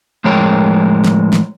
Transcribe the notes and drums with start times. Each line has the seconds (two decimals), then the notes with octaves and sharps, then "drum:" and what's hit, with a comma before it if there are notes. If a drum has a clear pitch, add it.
0.24 A2 F3 G#3 A#4 C#5 G5
1.04 drum: snare
1.33 drum: snare